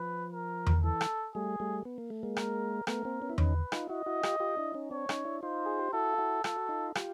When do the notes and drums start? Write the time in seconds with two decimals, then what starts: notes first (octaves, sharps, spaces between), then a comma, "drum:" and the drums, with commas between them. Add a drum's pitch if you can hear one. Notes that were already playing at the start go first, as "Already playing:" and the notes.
Already playing: F3 B4
0.33 A#4
0.67 drum: tom E2
0.84 E3 A4
1.01 drum: rim click
1.35 G3 A3 G#4
1.60 G3 A3
1.85 B3
1.98 A#3
2.10 A3
2.23 G#3 A#3
2.36 A#4, drum: rim click
2.87 A3 B3 A#4, drum: rim click
3.05 A#3 C4
3.22 B3 C#4
3.30 E4
3.38 C#4 D#4 B4, drum: tom E2
3.72 D#4 F4, drum: rim click
3.89 E4 F#4 D#5
4.06 E4 F#4
4.23 F4 G4, drum: rim click
4.40 F4 G4
4.57 D4 E4
4.74 C#4 D#4
4.91 C4 D4 C#5
5.09 C#4 D#4, drum: rim click
5.25 D4 E4
5.43 D#4 F4 C5
5.66 G#4
5.79 G4
5.93 E4 F#4 A4
6.13 F4
6.18 E4 F#4
6.44 F4 A4, drum: rim click
6.57 F#4
6.69 D#4 F4
6.95 F4 G4, drum: rim click